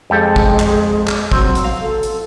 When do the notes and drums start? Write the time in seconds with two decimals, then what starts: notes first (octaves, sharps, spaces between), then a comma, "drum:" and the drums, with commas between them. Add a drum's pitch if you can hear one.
0.10 F2 G#3 G4 A4
0.36 drum: kick
0.60 drum: clap
1.08 drum: clap
1.32 F#3 C4, drum: kick
1.55 drum: hi-hat
1.64 F5
1.82 A4
2.03 drum: hi-hat